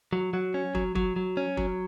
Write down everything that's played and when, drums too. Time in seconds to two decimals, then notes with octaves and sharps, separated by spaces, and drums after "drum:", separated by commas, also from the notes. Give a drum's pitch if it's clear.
0.13 F#3
0.33 F#3
0.54 C#4
0.75 F#3, drum: kick
0.95 F#3, drum: kick
1.16 F#3
1.37 C#4
1.57 F#3, drum: kick